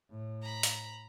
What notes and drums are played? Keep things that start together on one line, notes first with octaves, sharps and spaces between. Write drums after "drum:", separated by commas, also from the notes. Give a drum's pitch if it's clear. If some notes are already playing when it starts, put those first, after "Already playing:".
A2
A#5 B5
drum: hi-hat